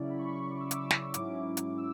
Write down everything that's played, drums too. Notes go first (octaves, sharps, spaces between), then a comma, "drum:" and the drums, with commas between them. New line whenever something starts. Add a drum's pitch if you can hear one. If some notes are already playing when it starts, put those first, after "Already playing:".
Already playing: C#3 F#3 C#4 E4 D5
B5
C#6
D6
E6
D6, drum: hi-hat
E6
D6, drum: snare
G#2 F#3 C#4 E4 D6, drum: hi-hat
drum: hi-hat
E6